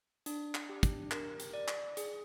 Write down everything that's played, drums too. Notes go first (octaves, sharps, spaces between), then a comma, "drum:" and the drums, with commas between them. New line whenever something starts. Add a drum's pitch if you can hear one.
D4, drum: hi-hat
drum: clap
G4
drum: kick, hi-hat
A#4, drum: clap
drum: hi-hat
D5
drum: clap
G#4, drum: hi-hat